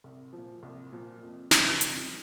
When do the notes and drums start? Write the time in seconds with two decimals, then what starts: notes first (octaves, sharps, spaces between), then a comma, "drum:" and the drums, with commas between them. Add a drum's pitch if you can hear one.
0.04 C2
0.33 F3
0.38 A#2
0.63 C2
0.92 A#2 F3
1.22 F2
1.51 C#3 E3 G3, drum: snare
1.81 F2, drum: hi-hat